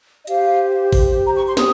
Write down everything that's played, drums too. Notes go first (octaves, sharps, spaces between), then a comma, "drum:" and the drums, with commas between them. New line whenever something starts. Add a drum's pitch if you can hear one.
D#5
G4 C5 F5, drum: hi-hat
drum: kick A1, open hi-hat
A#5
C#6
C6
C#4 G4 C5 D#6, drum: snare